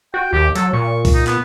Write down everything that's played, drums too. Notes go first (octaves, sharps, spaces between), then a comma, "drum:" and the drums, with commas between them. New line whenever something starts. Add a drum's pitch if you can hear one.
F#4 G5
D#2 G4
F#3 A4, drum: hi-hat
A#2 C#6
drum: kick C2, open hi-hat
D#4
B3, drum: clap